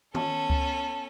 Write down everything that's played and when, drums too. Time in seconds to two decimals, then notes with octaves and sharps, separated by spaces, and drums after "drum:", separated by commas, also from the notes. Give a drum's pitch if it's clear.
0.15 B3 C#4 A4 A5, drum: tom D#3
0.50 drum: kick C#2